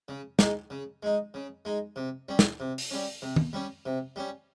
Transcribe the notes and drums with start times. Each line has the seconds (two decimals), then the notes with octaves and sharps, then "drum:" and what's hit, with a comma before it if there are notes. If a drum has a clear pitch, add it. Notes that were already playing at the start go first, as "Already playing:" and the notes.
0.08 C#3
0.39 G#3 D#4, drum: snare
0.70 C#3
1.03 G#3 D#4
1.34 C#3
1.65 G#3 D#4
1.96 C3
2.29 G3 C#4
2.39 drum: snare
2.60 C3
2.78 drum: open hi-hat
2.91 G3 C#4
3.22 C3
3.36 drum: tom
3.53 G3 C#4
3.86 C3
4.16 G3 C#4